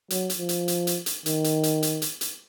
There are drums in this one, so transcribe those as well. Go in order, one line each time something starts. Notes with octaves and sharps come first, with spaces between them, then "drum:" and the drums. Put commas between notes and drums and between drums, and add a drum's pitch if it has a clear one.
F#3, drum: hi-hat
drum: hi-hat
F3
drum: hi-hat
drum: hi-hat
drum: hi-hat
drum: hi-hat
D#3, drum: hi-hat
drum: hi-hat
drum: hi-hat
drum: hi-hat
drum: hi-hat
drum: hi-hat